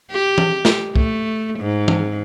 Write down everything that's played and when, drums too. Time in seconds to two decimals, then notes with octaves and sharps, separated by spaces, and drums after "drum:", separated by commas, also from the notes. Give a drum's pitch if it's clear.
0.11 G4
0.38 drum: tom E3
0.65 drum: snare
0.96 A3, drum: kick
1.60 G#2
1.88 drum: tom E3